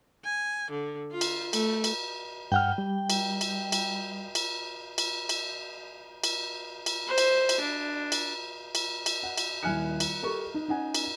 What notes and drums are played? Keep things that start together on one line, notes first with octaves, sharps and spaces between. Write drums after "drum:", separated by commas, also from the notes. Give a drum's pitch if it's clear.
G#5
D3
F4
drum: cymbal
A3, drum: cymbal
drum: cymbal
G2 F#5 G5 F6
G3
drum: cymbal
drum: cymbal
drum: cymbal
drum: cymbal
drum: cymbal
drum: cymbal
drum: cymbal
drum: cymbal
C5
drum: cymbal
drum: cymbal
D4
drum: cymbal
drum: cymbal
drum: cymbal
F#5
drum: cymbal
D#1 E4 G#5 F6 F#6 C#7
drum: cymbal
G4 A4 A#4 C#6
D#4
C#4 D#4 F#5 G#5
drum: cymbal